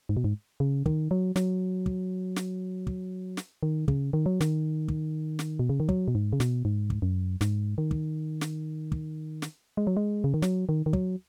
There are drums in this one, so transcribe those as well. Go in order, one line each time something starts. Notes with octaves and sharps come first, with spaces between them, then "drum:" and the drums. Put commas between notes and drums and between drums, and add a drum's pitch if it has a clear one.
G#2
B2
G#2
C#3
D#3, drum: kick
F#3
F#3, drum: snare
drum: kick
drum: snare
drum: kick
drum: snare
D#3
C#3, drum: kick
D#3
F#3
D#3, drum: snare
drum: kick
drum: snare
B2
C#3
D#3
F#3, drum: kick
B2
G#2
C#3
B2, drum: snare
G#2
drum: kick
F#2
G#2, drum: snare
D#3
drum: kick
drum: snare
drum: kick
drum: snare
G#3
F#3
G#3
C#3
D#3
F#3, drum: snare
D#3
D#3
F#3, drum: kick